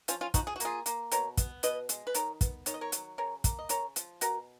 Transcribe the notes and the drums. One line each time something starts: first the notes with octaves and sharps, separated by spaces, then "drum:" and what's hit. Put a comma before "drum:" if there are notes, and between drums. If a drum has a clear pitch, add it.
F3 C#4 F4, drum: hi-hat
C#4 F4
F3 D#4 F#4, drum: kick, hi-hat
G#4
F#4
A#3 F4 G#4, drum: hi-hat
A#3, drum: hi-hat
B2 A#4 C#5, drum: hi-hat
B3, drum: kick, hi-hat
B2 B4 D#5, drum: hi-hat
G#3, drum: hi-hat
B4
D#3 A#4 C#5, drum: hi-hat
B3, drum: kick, hi-hat
D#3 C#5, drum: hi-hat
D#5
A#4 C#5
F#3, drum: hi-hat
C#3 A#4 C#5
A#3, drum: kick, hi-hat
D#5
C#3 A#4 C#5, drum: hi-hat
F3, drum: hi-hat
B2 F#4 A#4, drum: hi-hat